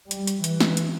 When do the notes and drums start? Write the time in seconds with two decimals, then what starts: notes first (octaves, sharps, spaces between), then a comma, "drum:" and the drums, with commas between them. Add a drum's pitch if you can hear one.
0.11 G3, drum: hi-hat
0.27 drum: hi-hat
0.44 E3, drum: hi-hat
0.60 drum: snare
0.77 drum: hi-hat